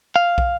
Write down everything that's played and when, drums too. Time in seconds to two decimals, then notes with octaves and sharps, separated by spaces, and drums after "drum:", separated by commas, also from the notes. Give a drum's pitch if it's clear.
0.16 F5
0.38 drum: kick